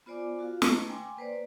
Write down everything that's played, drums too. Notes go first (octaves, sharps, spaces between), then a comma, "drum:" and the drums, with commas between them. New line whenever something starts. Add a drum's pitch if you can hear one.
B3 F4 C5 D5 G#5 D6
F4 F#4 A#4 F5
A3 A#3 C#4 D#4 D#5 A#5, drum: snare
G5 G#5 C6 D6
A#3 B4 C5 D5